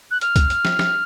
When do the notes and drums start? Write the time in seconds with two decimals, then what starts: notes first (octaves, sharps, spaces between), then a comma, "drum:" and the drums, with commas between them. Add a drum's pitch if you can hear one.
0.11 F#6
0.21 F6, drum: hi-hat
0.36 drum: kick C2, hi-hat
0.50 drum: hi-hat
0.65 drum: snare
0.79 drum: snare